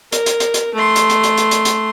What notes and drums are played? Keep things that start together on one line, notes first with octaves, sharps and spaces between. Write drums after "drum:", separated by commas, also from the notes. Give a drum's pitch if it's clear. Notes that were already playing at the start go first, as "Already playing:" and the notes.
A#4, drum: hi-hat
drum: hi-hat
drum: hi-hat
drum: hi-hat
A3 C6
drum: hi-hat
drum: hi-hat
drum: hi-hat
drum: hi-hat
drum: hi-hat
drum: hi-hat